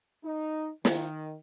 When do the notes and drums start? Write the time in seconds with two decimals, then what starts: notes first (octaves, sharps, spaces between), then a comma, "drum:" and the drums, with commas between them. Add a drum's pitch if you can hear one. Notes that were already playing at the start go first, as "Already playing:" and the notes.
0.24 D#4
0.85 D#3, drum: snare